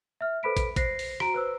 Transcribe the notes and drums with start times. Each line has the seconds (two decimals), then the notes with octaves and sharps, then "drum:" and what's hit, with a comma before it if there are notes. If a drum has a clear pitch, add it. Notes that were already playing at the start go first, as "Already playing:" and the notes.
0.21 E5 F6
0.43 A4 B4 C5 B5 B6 D7
0.57 drum: kick, hi-hat
0.76 C5 A#6 C7, drum: kick, hi-hat
0.99 drum: open hi-hat
1.20 F#4 A#5 D7, drum: rim click
1.34 B4 C5 E6